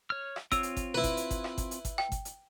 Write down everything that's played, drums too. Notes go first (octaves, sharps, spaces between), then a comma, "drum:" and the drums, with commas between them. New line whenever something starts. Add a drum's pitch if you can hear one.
C#5 F6
drum: rim click
C4 F4 C#5 E6, drum: kick G1, hi-hat
drum: hi-hat
drum: kick G1, hi-hat
E4 B4
drum: kick G1, hi-hat
drum: hi-hat
drum: kick G1, hi-hat
drum: rim click
drum: kick G1, hi-hat
drum: hi-hat
drum: kick G1, hi-hat
G5, drum: rim click
drum: kick G1, hi-hat
drum: hi-hat